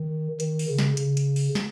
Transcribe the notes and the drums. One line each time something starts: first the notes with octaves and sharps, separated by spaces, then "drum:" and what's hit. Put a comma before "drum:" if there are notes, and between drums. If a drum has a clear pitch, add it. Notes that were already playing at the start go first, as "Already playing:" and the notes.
Already playing: D#3
D#3, drum: hi-hat
drum: open hi-hat
C#3
drum: snare
C#3, drum: hi-hat
drum: hi-hat
drum: open hi-hat
drum: snare